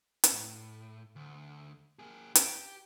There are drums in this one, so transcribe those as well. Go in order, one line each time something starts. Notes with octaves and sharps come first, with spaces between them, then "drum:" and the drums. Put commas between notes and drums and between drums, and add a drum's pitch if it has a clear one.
drum: hi-hat
A2
D2
A#3 G#4
G4, drum: hi-hat